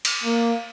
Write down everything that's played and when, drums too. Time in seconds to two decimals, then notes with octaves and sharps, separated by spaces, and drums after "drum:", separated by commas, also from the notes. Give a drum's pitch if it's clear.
0.05 drum: cymbal
0.24 A#3